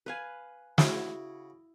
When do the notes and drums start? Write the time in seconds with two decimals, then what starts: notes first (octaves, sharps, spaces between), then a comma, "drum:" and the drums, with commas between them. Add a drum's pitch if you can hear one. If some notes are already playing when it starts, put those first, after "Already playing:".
0.06 B4 F5 G#5
0.78 C#3 E4 F#4, drum: snare